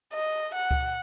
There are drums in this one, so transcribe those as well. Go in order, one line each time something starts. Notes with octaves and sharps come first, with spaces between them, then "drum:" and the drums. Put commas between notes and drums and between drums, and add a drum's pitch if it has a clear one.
D#5
F#5
drum: kick C#2